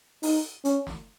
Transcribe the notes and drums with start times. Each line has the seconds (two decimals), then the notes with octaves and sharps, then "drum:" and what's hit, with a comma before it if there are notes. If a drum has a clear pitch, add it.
0.23 D#4, drum: open hi-hat
0.65 C#4, drum: hi-hat
0.87 drum: snare